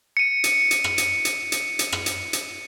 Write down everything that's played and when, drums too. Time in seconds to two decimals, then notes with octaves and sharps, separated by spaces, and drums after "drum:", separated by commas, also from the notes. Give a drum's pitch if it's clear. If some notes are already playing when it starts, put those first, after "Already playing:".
0.17 C#7 D#7
0.44 drum: hi-hat
0.71 drum: hi-hat
0.84 drum: rim click
0.98 drum: hi-hat
1.25 drum: hi-hat
1.52 drum: hi-hat
1.79 drum: hi-hat
1.92 drum: rim click
2.06 drum: hi-hat
2.33 drum: hi-hat